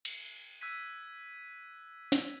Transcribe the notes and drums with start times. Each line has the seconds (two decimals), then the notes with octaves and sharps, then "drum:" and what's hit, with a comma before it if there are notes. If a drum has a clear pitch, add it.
0.05 drum: cymbal
0.61 E6 F#6 G#6 B6 D#7
2.12 drum: snare